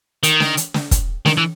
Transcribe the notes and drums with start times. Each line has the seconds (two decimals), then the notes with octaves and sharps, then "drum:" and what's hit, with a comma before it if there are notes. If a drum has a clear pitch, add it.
0.23 D#3, drum: hi-hat
0.40 drum: snare
0.57 drum: hi-hat
0.74 drum: snare
0.91 drum: kick, hi-hat
1.26 D#3, drum: snare
1.37 E3